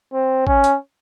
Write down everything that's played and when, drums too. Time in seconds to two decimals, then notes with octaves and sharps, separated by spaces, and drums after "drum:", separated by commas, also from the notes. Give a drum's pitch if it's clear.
0.13 C4
0.47 C#4, drum: kick G#1
0.64 drum: hi-hat